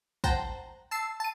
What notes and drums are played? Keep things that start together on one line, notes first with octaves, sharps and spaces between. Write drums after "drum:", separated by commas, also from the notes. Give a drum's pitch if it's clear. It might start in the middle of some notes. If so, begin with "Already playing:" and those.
C5 F#5 G5 A5 A#5, drum: kick
A5 E6 C7
A5 D#7